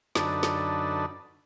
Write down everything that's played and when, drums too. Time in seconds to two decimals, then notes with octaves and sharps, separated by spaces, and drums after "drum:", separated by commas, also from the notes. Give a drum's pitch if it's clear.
0.15 F#2 D3 D4 D#4 A4 B4, drum: snare
0.43 drum: snare